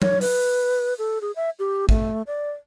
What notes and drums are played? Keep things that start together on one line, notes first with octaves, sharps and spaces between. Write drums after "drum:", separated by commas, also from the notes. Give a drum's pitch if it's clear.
C#5, drum: tom F#3
B4, drum: open hi-hat
A4
G#4
E5
G4
A3, drum: kick
D5